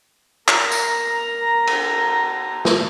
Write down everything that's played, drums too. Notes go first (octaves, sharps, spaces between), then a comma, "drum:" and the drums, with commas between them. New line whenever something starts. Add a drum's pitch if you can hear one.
A#4 A#5, drum: clap
drum: tambourine
drum: cymbal
drum: snare